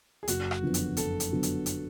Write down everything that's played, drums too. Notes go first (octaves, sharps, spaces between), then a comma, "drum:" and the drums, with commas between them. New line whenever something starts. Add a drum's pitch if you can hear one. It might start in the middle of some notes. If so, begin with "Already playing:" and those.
G#4
F#1 F#4, drum: hi-hat
drum: rim click
F2 D3 F#3 B3
drum: hi-hat
F#1 A4, drum: hi-hat
drum: hi-hat
D3 F#3 B3
drum: hi-hat
drum: hi-hat